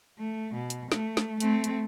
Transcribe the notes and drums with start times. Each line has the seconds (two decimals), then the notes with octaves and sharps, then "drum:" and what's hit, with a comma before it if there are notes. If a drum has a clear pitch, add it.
0.18 A3
0.54 B2
0.70 drum: hi-hat
0.92 A3, drum: snare
1.17 drum: snare
1.40 A3 C4, drum: hi-hat
1.64 drum: hi-hat